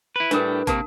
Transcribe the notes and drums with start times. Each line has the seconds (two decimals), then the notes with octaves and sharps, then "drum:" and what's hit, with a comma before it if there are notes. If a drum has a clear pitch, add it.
0.16 E4 B4
0.31 A2 G3 A3 D4 A#4 B4, drum: hi-hat
0.67 C3 A#3 A#4 F5 A5, drum: kick, hi-hat